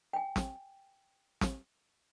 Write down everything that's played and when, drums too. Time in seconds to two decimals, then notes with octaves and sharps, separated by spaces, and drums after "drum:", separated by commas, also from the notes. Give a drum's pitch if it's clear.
0.13 G5 G#5
0.36 drum: snare
1.41 drum: snare